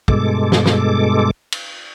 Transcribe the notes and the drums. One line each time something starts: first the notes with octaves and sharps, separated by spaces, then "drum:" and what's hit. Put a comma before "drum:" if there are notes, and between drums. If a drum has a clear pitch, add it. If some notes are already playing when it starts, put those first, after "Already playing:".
G2 B2 G#3 A4 D6, drum: kick
drum: snare
drum: snare
drum: cymbal